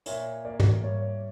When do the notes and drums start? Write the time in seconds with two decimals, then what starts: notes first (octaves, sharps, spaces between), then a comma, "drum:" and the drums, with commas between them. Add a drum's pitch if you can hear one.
0.06 A#2 C#5 E5, drum: hi-hat
0.45 A#3 D5
0.60 drum: tom
0.83 G3 C#5
1.02 C#5